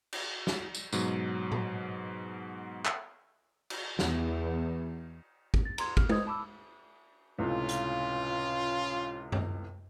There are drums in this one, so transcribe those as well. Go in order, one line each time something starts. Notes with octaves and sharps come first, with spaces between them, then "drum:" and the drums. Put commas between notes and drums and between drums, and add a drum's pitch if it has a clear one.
drum: cymbal
drum: snare
drum: tambourine
G#2 B2 F#3, drum: tambourine
drum: tom A2
drum: clap
drum: cymbal
E2, drum: snare
drum: kick G#1
A6
A#5 C6 G#6, drum: cymbal
F6, drum: kick G#1
B4 C5 D#5 D#6 G#6, drum: tom G#3
A5 B5 D6 E6
C#2 A2 C3 C#4 F4
drum: hi-hat
drum: tom F#2